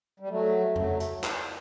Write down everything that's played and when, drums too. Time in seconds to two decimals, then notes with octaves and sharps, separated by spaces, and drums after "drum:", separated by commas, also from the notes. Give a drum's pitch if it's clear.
0.20 G3
0.29 F#3 A3
0.76 F#3 A3, drum: tom F2
1.00 drum: hi-hat
1.24 drum: clap